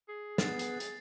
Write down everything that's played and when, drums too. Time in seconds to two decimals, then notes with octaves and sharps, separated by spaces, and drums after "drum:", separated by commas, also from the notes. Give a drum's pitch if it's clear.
0.09 G#4
0.38 B3 A6 C7, drum: snare
0.59 drum: hi-hat
0.80 drum: hi-hat